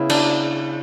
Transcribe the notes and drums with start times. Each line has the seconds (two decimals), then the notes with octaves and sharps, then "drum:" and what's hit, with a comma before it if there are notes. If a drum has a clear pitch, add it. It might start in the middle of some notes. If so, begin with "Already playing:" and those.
Already playing: C#3 B3 E4
0.10 D4, drum: cymbal